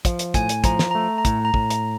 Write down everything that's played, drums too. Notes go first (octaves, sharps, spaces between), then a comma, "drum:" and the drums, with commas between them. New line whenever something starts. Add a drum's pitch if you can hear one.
F3, drum: kick, hi-hat
drum: hi-hat
A2 G#5, drum: kick, hi-hat
drum: hi-hat
F3 A#5, drum: kick, hi-hat
drum: snare
A3 A#5
A#5
A2, drum: kick, hi-hat
A#5
A2, drum: kick
A#5, drum: hi-hat